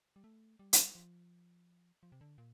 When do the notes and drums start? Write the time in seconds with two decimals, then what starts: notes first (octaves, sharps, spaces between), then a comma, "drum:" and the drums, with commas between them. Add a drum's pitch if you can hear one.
0.16 G3
0.24 A3
0.59 G3
0.73 drum: hi-hat
0.95 F3
2.03 F3
2.12 C3
2.21 D3
2.38 A#2